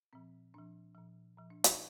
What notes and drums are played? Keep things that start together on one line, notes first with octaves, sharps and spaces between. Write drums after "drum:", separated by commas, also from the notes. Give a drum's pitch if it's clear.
A#2 F3 C4
A#2 F3 D4
A#2 F3
A#2 F3
D4
D#4, drum: hi-hat